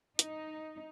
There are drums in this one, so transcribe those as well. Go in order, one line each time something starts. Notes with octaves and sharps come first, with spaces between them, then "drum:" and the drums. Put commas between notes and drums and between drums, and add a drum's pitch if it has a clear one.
D#4, drum: hi-hat